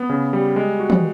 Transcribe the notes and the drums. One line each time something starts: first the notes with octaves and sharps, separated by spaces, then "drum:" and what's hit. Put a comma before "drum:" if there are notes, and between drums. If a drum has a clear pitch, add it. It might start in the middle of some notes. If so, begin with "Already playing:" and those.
Already playing: B3
C#3
G3
G#3
F#4
drum: tom